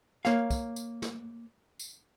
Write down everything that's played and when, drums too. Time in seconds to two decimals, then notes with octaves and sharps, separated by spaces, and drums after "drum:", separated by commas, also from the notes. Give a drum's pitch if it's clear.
0.25 A#3 C#5 F5, drum: snare
0.51 drum: kick, tambourine
0.76 drum: tambourine
1.02 drum: snare
1.79 drum: tambourine